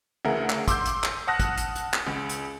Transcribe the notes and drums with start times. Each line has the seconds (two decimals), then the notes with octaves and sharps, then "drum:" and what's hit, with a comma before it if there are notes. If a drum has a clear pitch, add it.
0.25 D2 C#3 E3 A#4 F#5
0.50 drum: clap
0.68 C6 D6 E6 G6, drum: kick, hi-hat
0.86 drum: hi-hat
1.04 drum: clap
1.27 F#5 A5 D#6 F6 F#6 A#6
1.40 drum: kick, hi-hat
1.57 drum: hi-hat
1.75 drum: hi-hat
1.93 drum: clap
2.07 C#2
2.29 drum: hi-hat